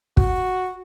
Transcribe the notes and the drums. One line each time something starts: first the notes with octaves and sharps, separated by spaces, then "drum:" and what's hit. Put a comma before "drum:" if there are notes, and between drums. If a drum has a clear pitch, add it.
F#4, drum: kick